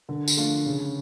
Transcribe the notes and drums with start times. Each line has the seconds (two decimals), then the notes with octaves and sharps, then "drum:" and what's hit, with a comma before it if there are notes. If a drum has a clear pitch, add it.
0.09 D3
0.28 drum: tambourine
0.37 F3 A3 D4 F4
0.66 C#3